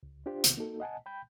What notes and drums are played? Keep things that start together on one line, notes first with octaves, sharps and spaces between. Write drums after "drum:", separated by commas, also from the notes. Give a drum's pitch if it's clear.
C#2
D4 F4 G4 C5
C2 C3 D#3, drum: hi-hat
A#3 D#4 F#4 A4
D#5 F#5 G#5 A5
G5 B5 G6